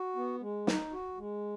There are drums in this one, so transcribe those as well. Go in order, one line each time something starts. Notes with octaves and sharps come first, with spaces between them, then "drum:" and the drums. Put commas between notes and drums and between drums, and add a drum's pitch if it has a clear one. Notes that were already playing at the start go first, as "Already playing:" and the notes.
Already playing: F#4
B3
G#3
D#4, drum: snare
F#4
G#3